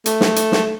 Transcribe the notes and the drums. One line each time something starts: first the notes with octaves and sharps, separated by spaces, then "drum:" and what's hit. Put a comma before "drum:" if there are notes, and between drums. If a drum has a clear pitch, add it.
A3, drum: hi-hat
drum: snare
drum: hi-hat
drum: snare